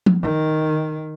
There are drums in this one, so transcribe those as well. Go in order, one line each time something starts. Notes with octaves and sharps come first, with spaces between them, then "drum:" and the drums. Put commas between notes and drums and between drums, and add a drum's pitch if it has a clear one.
drum: tom
D#3